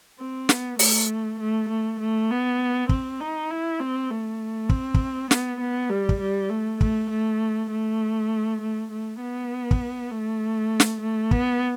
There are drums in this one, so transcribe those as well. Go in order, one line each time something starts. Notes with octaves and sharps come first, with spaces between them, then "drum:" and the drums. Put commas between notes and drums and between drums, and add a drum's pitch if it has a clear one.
C4
B3, drum: snare
A3, drum: open hi-hat
A3
A3
A3
B3
C4, drum: kick
D#4
E4
C4
A3
C4, drum: kick
drum: kick
B3, drum: snare
B3
G3
drum: kick
G3
A3
A3, drum: kick
A3
A3
A3
A3
B3
drum: kick
A3
drum: snare
A3
B3, drum: kick